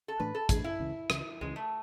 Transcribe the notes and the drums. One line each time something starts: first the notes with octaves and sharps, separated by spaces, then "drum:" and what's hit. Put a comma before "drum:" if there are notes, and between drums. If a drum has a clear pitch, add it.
A4
A2 E3 A3 D4 B4
A4
A2 E3 A3 D4 G#4, drum: kick, hi-hat
E4
C#2 C#3 E3
C#2 C#3 E3, drum: rim click
C#2 C#3 E3 G#3
A3